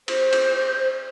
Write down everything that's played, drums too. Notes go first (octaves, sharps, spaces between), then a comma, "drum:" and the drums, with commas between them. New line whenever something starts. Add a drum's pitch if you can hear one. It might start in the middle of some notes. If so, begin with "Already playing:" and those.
C5, drum: cymbal
drum: cymbal